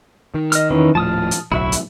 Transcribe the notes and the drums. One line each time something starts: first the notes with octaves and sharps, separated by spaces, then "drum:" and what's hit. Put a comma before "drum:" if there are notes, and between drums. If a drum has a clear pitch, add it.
D#3
D#5 F6, drum: hi-hat
E2 D#3 E3 C#4
D#1 A2 F3 A5 D#6 F6
drum: hi-hat
D1 B1 F#3 E4 F#4 E5
drum: hi-hat